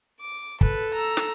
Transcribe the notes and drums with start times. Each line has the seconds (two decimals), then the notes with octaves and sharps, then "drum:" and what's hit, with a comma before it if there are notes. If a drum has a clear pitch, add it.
0.21 D6
0.61 A4 B4, drum: kick
0.94 A#5 E6
1.17 drum: snare